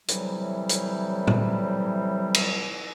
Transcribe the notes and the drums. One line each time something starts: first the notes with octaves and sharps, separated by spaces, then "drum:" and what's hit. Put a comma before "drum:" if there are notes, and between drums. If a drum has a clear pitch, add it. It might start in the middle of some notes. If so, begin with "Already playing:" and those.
A2 C3 E3 F#3 G3, drum: hi-hat
drum: hi-hat
drum: tom A2
drum: cymbal